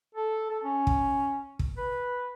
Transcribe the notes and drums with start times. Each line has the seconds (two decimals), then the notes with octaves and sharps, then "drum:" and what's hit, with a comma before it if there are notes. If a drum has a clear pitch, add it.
0.15 A4
0.50 A4
0.64 C#4
0.87 drum: kick
1.59 drum: kick
1.78 B4